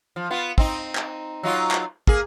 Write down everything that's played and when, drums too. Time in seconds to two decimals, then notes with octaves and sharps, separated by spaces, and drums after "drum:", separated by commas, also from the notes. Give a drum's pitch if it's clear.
0.16 F3
0.30 B3 F4
0.58 C4 D#4, drum: kick
0.95 drum: clap
1.43 F#3 D#4 F4
1.71 drum: clap
2.07 A#3 G#4, drum: kick